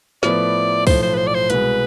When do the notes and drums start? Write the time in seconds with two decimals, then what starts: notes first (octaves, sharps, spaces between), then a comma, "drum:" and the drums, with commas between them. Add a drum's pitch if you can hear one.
0.23 A2 F3 B3 E4 B4 D5, drum: snare
0.87 B1 A2 F3 C5, drum: kick C2, open hi-hat
1.02 C5
1.14 B4
1.18 C5
1.27 D5
1.34 C5
1.50 C2 B2 G#3 B4, drum: hi-hat